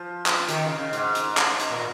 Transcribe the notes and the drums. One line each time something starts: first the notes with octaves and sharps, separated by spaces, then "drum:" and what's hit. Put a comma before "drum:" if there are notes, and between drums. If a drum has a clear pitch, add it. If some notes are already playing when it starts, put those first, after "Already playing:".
Already playing: F3
drum: clap
D#3, drum: hi-hat
C#3
C#3
G#2, drum: hi-hat
drum: hi-hat
drum: clap
drum: hi-hat
A#2